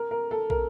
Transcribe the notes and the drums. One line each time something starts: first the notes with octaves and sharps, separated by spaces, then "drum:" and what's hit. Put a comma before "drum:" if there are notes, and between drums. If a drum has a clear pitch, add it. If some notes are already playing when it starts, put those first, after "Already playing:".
Already playing: A#4
A#4
A4
A#4, drum: kick